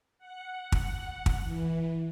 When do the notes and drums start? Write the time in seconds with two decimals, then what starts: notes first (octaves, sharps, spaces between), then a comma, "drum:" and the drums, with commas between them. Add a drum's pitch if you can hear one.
0.19 F#5
0.72 drum: kick
1.26 drum: kick
1.44 E3